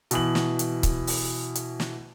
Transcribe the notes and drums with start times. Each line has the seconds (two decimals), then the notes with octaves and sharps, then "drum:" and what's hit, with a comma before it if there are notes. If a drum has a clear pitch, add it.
0.11 B2 E3 F#7, drum: hi-hat
0.35 drum: snare
0.59 drum: hi-hat
0.83 drum: kick C#1, hi-hat
1.07 drum: open hi-hat
1.55 drum: hi-hat
1.80 drum: snare